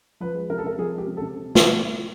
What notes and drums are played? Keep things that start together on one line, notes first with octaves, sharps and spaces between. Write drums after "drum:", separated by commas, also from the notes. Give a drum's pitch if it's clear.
F3 B4
G#3
C3 A#4
A4
C3 A#4
F3 G#4
G#3 G4
C3
A4
C3
drum: snare